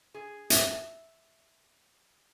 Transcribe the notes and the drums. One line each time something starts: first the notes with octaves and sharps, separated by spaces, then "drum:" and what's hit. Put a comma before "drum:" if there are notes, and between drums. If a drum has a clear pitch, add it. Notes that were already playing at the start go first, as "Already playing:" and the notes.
G#4
E5, drum: hi-hat